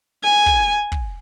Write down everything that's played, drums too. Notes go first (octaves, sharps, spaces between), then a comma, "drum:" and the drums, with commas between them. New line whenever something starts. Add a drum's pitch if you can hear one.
G#5
drum: kick
drum: kick